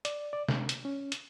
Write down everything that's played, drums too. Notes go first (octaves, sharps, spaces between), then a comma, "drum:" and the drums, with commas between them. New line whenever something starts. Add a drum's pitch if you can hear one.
D5, drum: hi-hat
D5
C3, drum: snare
drum: hi-hat
C#4
drum: hi-hat